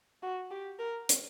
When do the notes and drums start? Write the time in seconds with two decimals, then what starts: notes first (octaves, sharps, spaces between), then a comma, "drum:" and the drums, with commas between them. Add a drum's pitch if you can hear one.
0.22 F#4
0.51 G4
0.79 A#4
1.09 drum: hi-hat